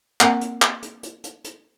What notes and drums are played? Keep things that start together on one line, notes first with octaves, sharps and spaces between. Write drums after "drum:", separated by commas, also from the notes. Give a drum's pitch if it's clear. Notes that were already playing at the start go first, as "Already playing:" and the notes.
A#3 C4 A#4 F#5 A#5, drum: clap
drum: hi-hat
drum: clap
drum: hi-hat
drum: hi-hat
drum: hi-hat
drum: hi-hat